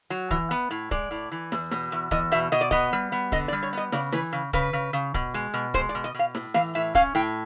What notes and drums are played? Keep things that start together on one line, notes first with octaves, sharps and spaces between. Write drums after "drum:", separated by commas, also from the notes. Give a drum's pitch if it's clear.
F#3
E3, drum: kick C#1
B3
A2
G#3 D5, drum: kick C#1
A2
E3
E2, drum: snare
B2, drum: snare
E2
E2 D#5, drum: kick C#1
B2 E5
B2 D#5
D5
B3 D#5, drum: kick C#1
G3
B3
D3 D#5, drum: kick C#1
D5
G3
C#5
B3 D#5
C#3 D5, drum: snare
E3 B4, drum: snare
C#3
C#3 B4, drum: kick C#1
C#3
C#3
B2, drum: kick C#1
G#3
B2
G#3 C5, drum: kick C#1
D5
B2
D#5
B2 F5
A2, drum: snare
E3 F5, drum: snare
A2 E5
C#4 F5, drum: kick C#1
A2 G5